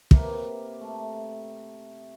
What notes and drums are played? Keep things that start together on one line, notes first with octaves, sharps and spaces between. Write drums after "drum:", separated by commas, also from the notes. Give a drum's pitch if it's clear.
C3 A#3 B4, drum: kick
A3